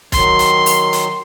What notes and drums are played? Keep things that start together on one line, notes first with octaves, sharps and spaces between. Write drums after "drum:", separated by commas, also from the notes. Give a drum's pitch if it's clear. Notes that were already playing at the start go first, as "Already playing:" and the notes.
D#3 F#3 C6, drum: kick, hi-hat
drum: hi-hat
drum: open hi-hat
drum: hi-hat